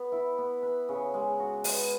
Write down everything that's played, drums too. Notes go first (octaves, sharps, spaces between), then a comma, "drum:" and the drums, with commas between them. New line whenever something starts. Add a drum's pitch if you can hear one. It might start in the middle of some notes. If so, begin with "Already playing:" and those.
Already playing: B3
E4
B3
B4
C#3
G#3
F#4
B3, drum: open hi-hat